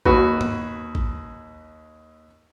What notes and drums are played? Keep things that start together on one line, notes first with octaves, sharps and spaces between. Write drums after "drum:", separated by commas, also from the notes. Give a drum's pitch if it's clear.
D#2 F#4 B4, drum: kick A1
drum: tom G2
drum: kick A1